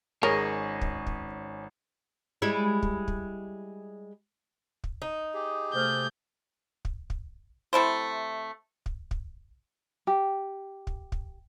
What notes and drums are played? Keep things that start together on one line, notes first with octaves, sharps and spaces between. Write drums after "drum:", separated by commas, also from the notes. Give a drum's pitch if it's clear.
G#1 C#4 G#4 A#4 C#5 D#5
drum: kick
drum: kick
G3 G#3 E4
drum: kick
drum: kick
drum: kick
D#4
G4 G#4
C3 A3 C5 F6 G6
drum: kick
drum: kick
C3 A3 E4 C5
drum: kick
drum: kick
G4
drum: kick
drum: kick